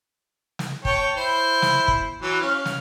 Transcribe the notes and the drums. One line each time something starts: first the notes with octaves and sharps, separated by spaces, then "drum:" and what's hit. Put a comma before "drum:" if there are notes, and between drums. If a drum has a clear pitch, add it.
drum: snare
C#5 G5 A5, drum: kick
E4 C5
drum: snare
drum: kick
E3 F#3
C#4 F5
drum: snare